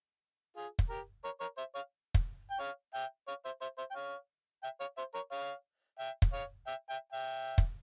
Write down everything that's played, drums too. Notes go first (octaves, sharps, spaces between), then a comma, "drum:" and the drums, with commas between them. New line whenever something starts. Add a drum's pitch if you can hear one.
F4 G#4
drum: kick
G4 A#4
A#4 C#5
A#4 C#5
C5 E5
C#5 F5
drum: kick
G5
C#5 F5
E5 G5
C#5 F5
C5 E5
C5 E5
C5 E5
G5
C#5 F5
E5 G5
C#5 F5
C5 E5
A#4 C#5
C#5 F5
E5 G5
drum: kick
C#5 F5
E5 G5
E5 G5
E5 G5
drum: kick